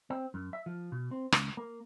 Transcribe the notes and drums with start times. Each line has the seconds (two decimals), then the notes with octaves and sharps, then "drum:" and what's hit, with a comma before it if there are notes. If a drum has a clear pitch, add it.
0.10 C4
0.34 F#2
0.53 E5
0.66 F3
0.92 B2
1.11 C4
1.32 C#2, drum: rim click
1.57 A#3